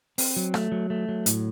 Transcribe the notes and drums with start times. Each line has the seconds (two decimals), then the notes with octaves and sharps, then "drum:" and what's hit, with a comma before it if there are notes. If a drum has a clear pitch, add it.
0.18 C4, drum: open hi-hat
0.36 F#3
0.54 A3, drum: rim click
0.72 F#3
0.90 A3
1.09 F#3
1.26 A2, drum: hi-hat